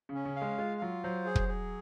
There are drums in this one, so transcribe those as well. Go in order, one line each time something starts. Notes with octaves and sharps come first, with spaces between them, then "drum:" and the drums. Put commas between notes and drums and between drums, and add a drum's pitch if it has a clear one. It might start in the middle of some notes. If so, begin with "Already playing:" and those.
C#3
C#4
C#3
F5
G#3
G#3 F4
F#3 F4
F#3 C5
G#4
drum: kick
G#4